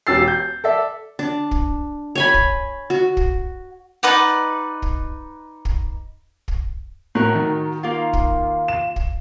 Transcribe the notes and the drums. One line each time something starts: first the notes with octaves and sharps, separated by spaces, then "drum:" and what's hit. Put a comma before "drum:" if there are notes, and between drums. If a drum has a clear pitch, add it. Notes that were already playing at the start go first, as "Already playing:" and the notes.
E1 C#4 G4 E6 A6 C7
G6
A4 D5 E5
D4
drum: kick
C#5 G#5 B5
drum: kick
F#4
drum: kick
D#4 B4 D5 F#5
drum: kick
drum: kick
drum: kick
A2 F#4 A#4 C#6
D#3
A#3 F4
drum: kick
E7
drum: kick